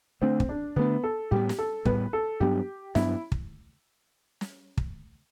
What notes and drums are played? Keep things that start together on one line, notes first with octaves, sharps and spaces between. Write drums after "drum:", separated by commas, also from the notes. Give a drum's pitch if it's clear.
D3 A3 C4 D4
drum: kick
D4
D3 A3 B3 D4
A4
A2 G3 B3 G4
drum: snare
A4
A2 G3 B3 B4, drum: kick
A4
G2 F#3 B3 D4 G4
G2 F#3 B3 D4 E4, drum: snare
drum: kick
drum: snare
drum: kick